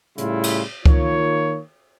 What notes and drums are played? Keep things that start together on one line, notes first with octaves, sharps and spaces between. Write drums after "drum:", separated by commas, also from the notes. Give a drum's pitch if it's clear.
A2 C#3 G3 E4 F4, drum: hi-hat
drum: cymbal
D#3 A#3 F4 C#5, drum: kick C#2